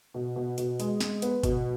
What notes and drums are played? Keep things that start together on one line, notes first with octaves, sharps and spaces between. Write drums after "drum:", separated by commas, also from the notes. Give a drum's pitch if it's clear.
B2
B2
B2, drum: hi-hat
G#3, drum: hi-hat
G#3, drum: snare
B3, drum: hi-hat
B2, drum: kick G1, hi-hat